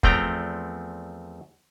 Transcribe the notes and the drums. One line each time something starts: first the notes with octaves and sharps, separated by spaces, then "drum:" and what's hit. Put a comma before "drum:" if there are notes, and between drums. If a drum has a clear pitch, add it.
E2 F3 A3 C4 G5 A#5, drum: kick